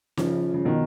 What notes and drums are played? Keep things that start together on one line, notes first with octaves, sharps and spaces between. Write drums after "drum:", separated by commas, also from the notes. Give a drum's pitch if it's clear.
C#3 F3, drum: snare
C#3
B2 D#3